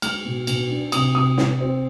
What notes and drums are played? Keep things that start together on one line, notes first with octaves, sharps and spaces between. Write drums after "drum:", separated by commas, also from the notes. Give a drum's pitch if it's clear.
G#3 F6, drum: cymbal
B2
B2, drum: cymbal
D4
C3 D#6, drum: cymbal
C3 D#6
C3, drum: snare
C4